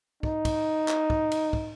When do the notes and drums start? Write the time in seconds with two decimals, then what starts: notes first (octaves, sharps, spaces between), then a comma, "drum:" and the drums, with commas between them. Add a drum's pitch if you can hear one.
0.23 D#4, drum: kick
0.45 drum: kick, cymbal
0.88 drum: clap
1.10 drum: kick
1.32 drum: cymbal
1.53 drum: kick